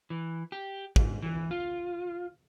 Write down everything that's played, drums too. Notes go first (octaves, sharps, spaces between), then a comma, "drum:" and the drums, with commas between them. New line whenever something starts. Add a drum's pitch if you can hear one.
E3
G4
G#2, drum: kick
E3
F4